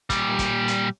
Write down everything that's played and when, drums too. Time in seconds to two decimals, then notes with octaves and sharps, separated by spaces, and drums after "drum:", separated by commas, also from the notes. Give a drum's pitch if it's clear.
0.10 A#2 G3, drum: kick, hi-hat
0.39 drum: kick, hi-hat
0.68 drum: hi-hat